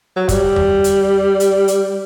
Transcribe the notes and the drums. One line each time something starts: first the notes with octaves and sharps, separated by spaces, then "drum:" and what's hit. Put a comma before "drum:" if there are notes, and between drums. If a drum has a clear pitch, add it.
F#3
G3, drum: kick, hi-hat
drum: tom E2
drum: hi-hat
drum: hi-hat
drum: hi-hat